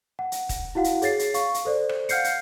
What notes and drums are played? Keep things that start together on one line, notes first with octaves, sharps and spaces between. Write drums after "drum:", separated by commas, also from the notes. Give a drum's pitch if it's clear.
F#5
drum: hi-hat
drum: kick, hi-hat
E4 F#4 F5 F#5
drum: hi-hat
G#4 C#5 A6 C7, drum: hi-hat
drum: hi-hat
F5 C#6, drum: hi-hat
drum: hi-hat
A4 C5 D5
drum: rim click
F5 F#5 F6 G6 C7 C#7, drum: hi-hat
drum: hi-hat